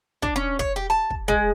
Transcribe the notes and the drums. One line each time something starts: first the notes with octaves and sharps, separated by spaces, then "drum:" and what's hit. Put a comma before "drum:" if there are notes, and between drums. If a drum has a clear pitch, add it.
D4, drum: kick
C#4
C#5, drum: kick
G4
A5
drum: kick
G#3, drum: kick